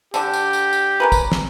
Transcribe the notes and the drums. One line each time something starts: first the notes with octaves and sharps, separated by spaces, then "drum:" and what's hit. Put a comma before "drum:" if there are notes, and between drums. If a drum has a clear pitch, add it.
D3 D4 G4, drum: tambourine
drum: tambourine
drum: tambourine
drum: tambourine
C#4 A#4 B4
drum: kick, tambourine
drum: snare